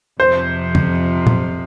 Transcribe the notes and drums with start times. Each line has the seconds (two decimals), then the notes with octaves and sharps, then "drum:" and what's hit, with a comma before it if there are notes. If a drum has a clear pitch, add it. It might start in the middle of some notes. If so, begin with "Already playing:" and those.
0.20 F2 C3 F3 C5
0.75 drum: tom
1.27 drum: tom